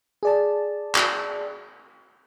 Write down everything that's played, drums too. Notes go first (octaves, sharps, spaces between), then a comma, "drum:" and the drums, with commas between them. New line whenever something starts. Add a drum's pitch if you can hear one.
G#4 D5 A5
drum: clap